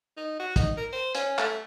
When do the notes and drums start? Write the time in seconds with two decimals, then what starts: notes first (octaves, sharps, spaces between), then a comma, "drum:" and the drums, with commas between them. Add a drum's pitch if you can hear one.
0.17 D#4
0.39 F#4
0.56 D#4, drum: kick, hi-hat
0.77 A#4
0.92 C5
1.15 C#4, drum: hi-hat
1.38 A3, drum: clap